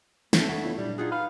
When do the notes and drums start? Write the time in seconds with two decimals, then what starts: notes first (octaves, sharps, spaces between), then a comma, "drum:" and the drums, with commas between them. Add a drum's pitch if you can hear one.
0.33 C2 A3 C4 D4 A5 G6, drum: snare
0.49 F2 C#3 D4 F#5 G#6 B6
0.64 B3 E4 F4 C#5
0.78 A#2 F#3 G3 D4
0.98 D#4 F4 F#4 G#4
1.12 B4 F5